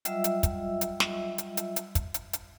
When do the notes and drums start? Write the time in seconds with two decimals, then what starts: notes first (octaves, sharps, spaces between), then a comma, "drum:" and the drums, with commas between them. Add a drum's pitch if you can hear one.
0.05 F#3 G3 F4 D#5 E5 E6, drum: hi-hat
0.24 drum: hi-hat
0.43 drum: kick, hi-hat
0.81 drum: hi-hat
1.00 drum: snare
1.38 drum: hi-hat
1.57 drum: hi-hat
1.76 drum: hi-hat
1.95 drum: kick, hi-hat
2.14 drum: hi-hat
2.33 drum: hi-hat